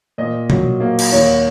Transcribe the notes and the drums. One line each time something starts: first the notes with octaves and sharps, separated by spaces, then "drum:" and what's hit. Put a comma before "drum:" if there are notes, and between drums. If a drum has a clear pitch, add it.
A#2 D#5
F#3, drum: tom B2
A#3
drum: cymbal
D#2 C#5